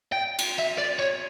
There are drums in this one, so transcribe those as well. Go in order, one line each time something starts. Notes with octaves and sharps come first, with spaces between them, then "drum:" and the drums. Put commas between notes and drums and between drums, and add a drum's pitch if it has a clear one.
G5
drum: cymbal
E5
D5
C#5